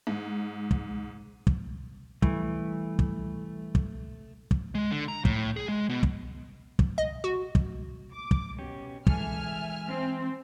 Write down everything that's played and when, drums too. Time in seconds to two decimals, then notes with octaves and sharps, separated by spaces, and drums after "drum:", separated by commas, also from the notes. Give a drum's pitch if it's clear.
0.07 G#2
0.71 drum: kick
1.47 drum: kick
2.22 E3 G3 A3, drum: kick
2.99 drum: kick
3.75 drum: kick
4.51 drum: kick
4.75 G#3
4.91 D3
5.08 A#5
5.25 A2, drum: kick
5.57 G#4
5.69 G#3
5.89 B2
6.03 drum: kick
6.79 drum: kick
6.98 D#5
7.24 F#4
7.55 drum: kick
8.14 D6
8.31 drum: kick
8.58 B2 C#4 G4
9.07 E3 G#3 A4 E5 G#5 F6, drum: kick
9.88 C4